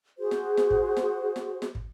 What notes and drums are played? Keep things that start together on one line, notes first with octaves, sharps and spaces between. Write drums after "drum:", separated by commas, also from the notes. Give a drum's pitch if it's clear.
F#4 G#4 C5
drum: snare
drum: snare
drum: kick
drum: snare
drum: snare
drum: snare
drum: kick